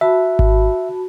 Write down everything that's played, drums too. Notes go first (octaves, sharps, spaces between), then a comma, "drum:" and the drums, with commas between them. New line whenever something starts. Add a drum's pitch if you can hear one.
F#4 E5 A5 B5
drum: kick G#1